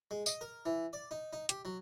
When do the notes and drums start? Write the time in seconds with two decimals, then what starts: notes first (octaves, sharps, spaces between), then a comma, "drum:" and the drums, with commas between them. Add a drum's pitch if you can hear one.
0.11 G#3
0.26 D#5, drum: tambourine
0.41 A#4
0.66 E3
0.93 D5
1.11 D#4
1.33 D#4
1.49 G4, drum: hi-hat
1.65 F#3